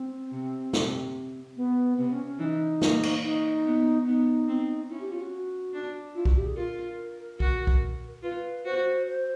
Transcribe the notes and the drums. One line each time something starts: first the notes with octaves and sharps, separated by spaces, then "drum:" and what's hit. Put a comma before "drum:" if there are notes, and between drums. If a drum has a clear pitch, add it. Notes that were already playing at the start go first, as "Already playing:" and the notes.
Already playing: C4
C3
C3, drum: snare
B3
C3 B3
C#4
C#4
E3 D#4
A#3, drum: snare
drum: cymbal
D#4
B3
B3 D#4
C4
C#4 E4
G4
F4
F#4
D4
E4 F4
F#4, drum: kick B1
G4
G#4
F4 A#4
F#4, drum: kick B1
drum: kick B1
F4 B4
F#4 C5
C5